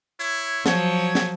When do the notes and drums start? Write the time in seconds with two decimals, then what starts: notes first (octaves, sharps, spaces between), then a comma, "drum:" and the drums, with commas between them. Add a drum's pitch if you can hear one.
0.17 E4 C#5
0.66 F3 F#3 C#5, drum: snare
1.15 drum: snare